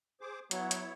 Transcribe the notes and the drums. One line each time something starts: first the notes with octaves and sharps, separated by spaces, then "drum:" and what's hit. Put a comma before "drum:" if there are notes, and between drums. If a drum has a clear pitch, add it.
G#4 C5 D6
F#3 B3 E4 C#5, drum: hi-hat
drum: hi-hat